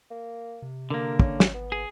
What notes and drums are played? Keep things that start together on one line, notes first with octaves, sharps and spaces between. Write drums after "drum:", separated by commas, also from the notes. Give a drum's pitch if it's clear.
A#3
C3
D3 A#3 A#4
G#1 C#4, drum: kick
drum: snare
B3
G#4